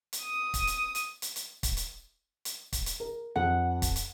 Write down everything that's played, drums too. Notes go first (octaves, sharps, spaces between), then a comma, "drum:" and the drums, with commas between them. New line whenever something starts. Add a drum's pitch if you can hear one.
drum: hi-hat
D#6
drum: kick, hi-hat
drum: hi-hat
drum: hi-hat
drum: hi-hat
drum: hi-hat
drum: kick, hi-hat
drum: hi-hat
drum: hi-hat
drum: kick, hi-hat
drum: hi-hat
A#4
F2 F#5
drum: kick, hi-hat
drum: hi-hat